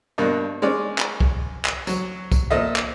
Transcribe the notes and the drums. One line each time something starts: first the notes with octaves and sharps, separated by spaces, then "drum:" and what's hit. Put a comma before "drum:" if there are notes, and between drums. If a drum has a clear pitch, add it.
G2 B2 A#3
G#3 C#4 D#4 D5
drum: clap
drum: kick C2
drum: clap
F#3, drum: tambourine
drum: kick C2, tambourine
A#2 A4 D#5 E5
drum: clap